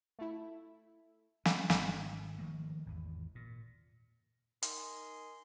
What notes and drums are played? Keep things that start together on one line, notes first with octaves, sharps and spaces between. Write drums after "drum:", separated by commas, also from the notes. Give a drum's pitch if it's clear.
A3 E4
C#4, drum: snare
G#1, drum: snare
D#3 F3 A3 A#3
G#1 E2
A#2
D#4 A#4 G#5 C6, drum: hi-hat